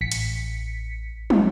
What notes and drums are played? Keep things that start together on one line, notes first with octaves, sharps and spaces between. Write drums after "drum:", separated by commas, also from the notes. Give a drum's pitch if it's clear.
A1 B6 C#7
drum: hi-hat
drum: tom